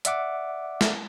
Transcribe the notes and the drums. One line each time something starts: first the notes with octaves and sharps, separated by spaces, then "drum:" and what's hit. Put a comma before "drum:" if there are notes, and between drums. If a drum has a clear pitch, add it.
D5 E5 F#5 D6, drum: hi-hat
drum: snare